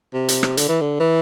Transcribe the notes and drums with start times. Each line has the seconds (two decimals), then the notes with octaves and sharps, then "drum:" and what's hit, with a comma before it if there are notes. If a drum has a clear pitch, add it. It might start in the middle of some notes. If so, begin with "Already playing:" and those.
0.14 C3
0.28 drum: hi-hat
0.43 drum: rim click
0.57 D3, drum: hi-hat
0.69 E3
0.81 D3
1.00 E3